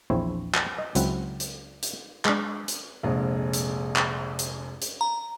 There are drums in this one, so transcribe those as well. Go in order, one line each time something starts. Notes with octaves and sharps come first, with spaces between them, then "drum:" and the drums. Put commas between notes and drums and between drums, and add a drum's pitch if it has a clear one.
A#1 E2 C4 E4 C5 C#5
drum: clap
D#5
C#2 F#3 C4 E4 F#5, drum: hi-hat
drum: hi-hat
drum: hi-hat
G#3 D4, drum: clap
drum: hi-hat
F1 A#1 G#3 G#4
drum: hi-hat
drum: clap
drum: hi-hat
drum: hi-hat
A#5